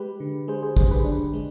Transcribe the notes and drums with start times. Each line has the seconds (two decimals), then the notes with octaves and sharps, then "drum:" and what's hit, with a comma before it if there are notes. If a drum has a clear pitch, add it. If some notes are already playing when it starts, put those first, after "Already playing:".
Already playing: G#3 G4 B4
0.20 D3
0.48 G#3 G#4 C5
0.62 G#4 C5
0.77 D3 G#4 C5, drum: kick
0.91 G4 B4
1.04 D3 D4
1.33 G#3